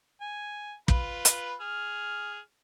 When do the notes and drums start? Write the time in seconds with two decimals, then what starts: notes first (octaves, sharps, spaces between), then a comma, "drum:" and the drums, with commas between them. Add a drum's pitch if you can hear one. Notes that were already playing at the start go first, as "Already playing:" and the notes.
0.21 G#5
0.88 F4 B4 B5, drum: kick
1.25 drum: hi-hat
1.61 G#4 F6